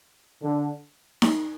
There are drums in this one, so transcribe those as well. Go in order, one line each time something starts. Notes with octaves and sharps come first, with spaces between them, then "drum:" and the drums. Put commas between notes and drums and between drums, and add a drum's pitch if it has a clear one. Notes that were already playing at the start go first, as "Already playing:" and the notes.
D3
drum: snare D#4